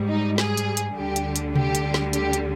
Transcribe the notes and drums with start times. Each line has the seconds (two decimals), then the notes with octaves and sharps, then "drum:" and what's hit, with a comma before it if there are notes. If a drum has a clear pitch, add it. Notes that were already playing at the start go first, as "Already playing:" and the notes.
Already playing: G#2 G3
0.09 D#4
0.38 G#4, drum: snare
0.57 drum: hi-hat
0.77 drum: hi-hat
0.96 D2 D3 G3 G4
1.16 drum: hi-hat
1.36 drum: hi-hat
1.56 G4, drum: tom C3
1.75 drum: hi-hat
1.94 drum: snare
2.13 G4, drum: hi-hat
2.33 drum: hi-hat